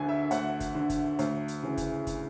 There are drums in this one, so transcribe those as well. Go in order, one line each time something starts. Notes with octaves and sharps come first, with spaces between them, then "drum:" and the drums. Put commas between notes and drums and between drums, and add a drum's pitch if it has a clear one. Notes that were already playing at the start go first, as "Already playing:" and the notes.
Already playing: D2 D3 G#5
E5
D2 F#5, drum: hi-hat
drum: kick, hi-hat
D3
drum: kick, hi-hat
D2, drum: hi-hat
drum: hi-hat
C#3 E3
drum: kick, hi-hat
drum: kick, hi-hat